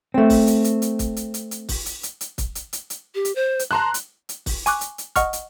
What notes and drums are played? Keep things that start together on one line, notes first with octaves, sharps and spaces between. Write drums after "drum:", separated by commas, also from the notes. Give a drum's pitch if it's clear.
A3 C4
drum: kick, open hi-hat
drum: hi-hat
drum: hi-hat
drum: hi-hat
drum: kick, hi-hat
drum: hi-hat
drum: hi-hat
drum: hi-hat
drum: kick, open hi-hat
drum: hi-hat
drum: hi-hat
drum: hi-hat
drum: kick, hi-hat
drum: hi-hat
drum: hi-hat
drum: hi-hat
G4
drum: hi-hat
C5
drum: hi-hat
A5 A#5 C6 F#6
drum: hi-hat
drum: hi-hat
drum: kick, open hi-hat
G#5 C#6 D6 F#6, drum: hi-hat
drum: hi-hat
drum: hi-hat
D#5 F#5 C#6 F6, drum: kick, hi-hat
drum: hi-hat